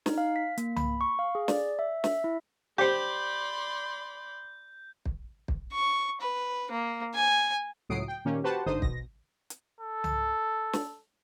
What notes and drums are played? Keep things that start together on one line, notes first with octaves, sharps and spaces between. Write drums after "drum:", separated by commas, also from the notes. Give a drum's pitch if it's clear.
D#4, drum: snare
F5
B6
A#3, drum: hi-hat
B5, drum: tom C2
C#6
F5
G#4
D5, drum: snare
E5
E5, drum: snare
E4
G4 C5 D5 B5 C6 G6
drum: kick
drum: kick
C#6
B4
A#3
G#5
C#2 A2 F#3 D#6 C7 D7
G5
A#2 D#3 A#3 C#4 G4
F#4 G4 B4 C5 F#5 A5
G#1 G2 D3 D#4 C5 D#6
B2 A#6, drum: kick
drum: hi-hat
A4
drum: tom C2
drum: snare